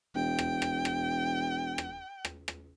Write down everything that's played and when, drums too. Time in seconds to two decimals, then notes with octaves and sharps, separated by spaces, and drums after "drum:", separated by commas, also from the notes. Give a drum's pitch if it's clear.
0.15 E1 G5
0.39 drum: rim click
0.62 drum: rim click
0.85 drum: rim click
1.78 drum: rim click
2.25 drum: rim click
2.48 drum: rim click